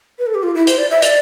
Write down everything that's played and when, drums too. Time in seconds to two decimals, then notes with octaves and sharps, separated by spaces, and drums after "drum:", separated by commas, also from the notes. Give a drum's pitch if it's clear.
0.19 B4
0.27 A4
0.35 G4
0.43 F4
0.55 E4
0.67 C5, drum: hi-hat
0.78 D5
0.91 E5
1.02 D5, drum: hi-hat